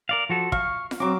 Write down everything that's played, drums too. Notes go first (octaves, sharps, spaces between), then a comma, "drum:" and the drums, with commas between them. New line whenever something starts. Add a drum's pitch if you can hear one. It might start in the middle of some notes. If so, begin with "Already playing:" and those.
A#4 D5 F5
F3 F#4 A4
F5 C#6, drum: kick
drum: snare F4
F#3 C4 D6